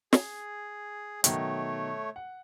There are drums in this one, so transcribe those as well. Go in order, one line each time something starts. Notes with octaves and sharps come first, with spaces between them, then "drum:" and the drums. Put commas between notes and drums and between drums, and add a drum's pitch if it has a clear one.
G#4, drum: snare
B2 D#3 F#3 A3 C#5, drum: hi-hat
F#5